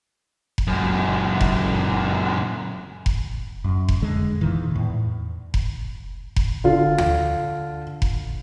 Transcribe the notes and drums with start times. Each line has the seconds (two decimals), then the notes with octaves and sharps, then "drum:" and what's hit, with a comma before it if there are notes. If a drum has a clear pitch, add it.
0.58 drum: kick F1
0.67 F#2 A#2
1.41 drum: kick F1
3.06 drum: kick F1
3.64 F#2
3.88 drum: kick F1
4.02 F2 D3 G#3
4.41 A#2 D#3 E3
4.71 E2 A2
5.54 drum: kick F1
6.36 drum: kick F1
6.64 D3 F4
6.98 drum: tom D2
8.02 drum: kick F1